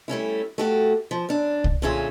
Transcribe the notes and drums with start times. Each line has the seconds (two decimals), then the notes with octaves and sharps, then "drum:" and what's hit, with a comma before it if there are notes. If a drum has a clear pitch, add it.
0.08 G3 A3 C#4 E4
0.58 A3 F#4 G4
1.11 F3
1.29 F#2 D4
1.64 drum: kick C2
1.82 A#2 D3 C#4 F4 G#4 E5